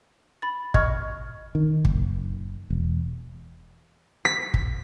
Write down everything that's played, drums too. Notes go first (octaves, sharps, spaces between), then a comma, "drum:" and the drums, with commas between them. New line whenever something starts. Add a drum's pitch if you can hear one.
B5 A6
D#5 C#6 F6 G#6, drum: kick
D#3
F#1, drum: kick
E1
B6
drum: kick